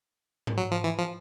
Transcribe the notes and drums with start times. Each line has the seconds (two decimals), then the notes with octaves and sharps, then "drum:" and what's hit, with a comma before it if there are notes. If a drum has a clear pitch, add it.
0.47 drum: tom G#2
0.57 F#3
0.72 F3
0.84 E3
0.98 F3